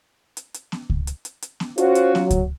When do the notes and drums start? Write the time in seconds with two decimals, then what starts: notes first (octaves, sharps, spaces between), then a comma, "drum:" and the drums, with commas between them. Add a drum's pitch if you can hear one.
0.37 drum: hi-hat
0.54 drum: hi-hat
0.72 drum: snare B3
0.90 drum: kick C#2
1.07 drum: hi-hat
1.25 drum: hi-hat
1.42 drum: hi-hat
1.60 drum: snare B3
1.78 C#4 F4 F#4 C5, drum: hi-hat
1.95 drum: hi-hat
2.15 F#3, drum: snare B3
2.31 drum: kick C#2, hi-hat